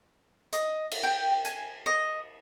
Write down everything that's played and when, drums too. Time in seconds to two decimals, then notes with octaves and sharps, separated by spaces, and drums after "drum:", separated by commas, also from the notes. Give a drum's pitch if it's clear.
0.53 D#5, drum: hi-hat
0.91 drum: cymbal
1.03 G5
1.45 G#5, drum: hi-hat
1.86 D#5